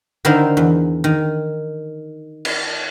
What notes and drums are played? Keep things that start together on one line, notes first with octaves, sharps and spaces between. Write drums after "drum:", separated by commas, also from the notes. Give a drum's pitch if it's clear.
D3 D#3 D#4 E4 A#4 C5
E2
D#3
drum: cymbal